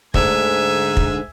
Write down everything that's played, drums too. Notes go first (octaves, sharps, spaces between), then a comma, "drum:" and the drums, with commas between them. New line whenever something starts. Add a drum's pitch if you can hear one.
D2 G#2 D3 E5 G#5, drum: kick
drum: kick